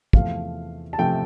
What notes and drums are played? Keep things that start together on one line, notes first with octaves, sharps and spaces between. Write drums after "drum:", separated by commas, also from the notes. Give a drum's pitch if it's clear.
E2 C3 F3 A3 F5, drum: kick
A5
C3 F3 A3 G5